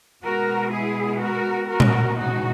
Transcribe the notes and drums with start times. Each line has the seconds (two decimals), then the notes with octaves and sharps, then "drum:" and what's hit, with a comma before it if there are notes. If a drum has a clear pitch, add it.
0.23 B2 G#3 B3 F#4 A#4
0.71 E4 G#4
1.20 F#4 A#4
1.69 F#4 A#4
1.80 drum: tom A#2
2.18 C#3 E3 G#3 D#4 F#4